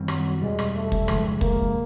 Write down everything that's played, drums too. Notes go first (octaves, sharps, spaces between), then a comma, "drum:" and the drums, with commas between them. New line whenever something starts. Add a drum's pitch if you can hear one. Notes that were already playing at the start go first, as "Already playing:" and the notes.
Already playing: F#2 D#3 G3 C4
F#3, drum: rim click
E2 B2 G3 G#3
drum: rim click
A3
drum: kick
F#2 C#3 F3 G#3, drum: rim click
A#3, drum: kick